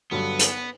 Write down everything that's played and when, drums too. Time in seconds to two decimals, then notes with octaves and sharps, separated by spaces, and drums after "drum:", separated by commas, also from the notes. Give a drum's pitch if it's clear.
0.11 G2 D3 F#3 B3
0.39 drum: hi-hat